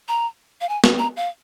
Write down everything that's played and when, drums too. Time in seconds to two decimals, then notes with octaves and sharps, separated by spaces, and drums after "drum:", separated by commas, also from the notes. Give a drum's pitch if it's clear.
0.08 A#5
0.61 F5
0.69 G#5
0.84 drum: snare
0.99 A#5
1.17 F5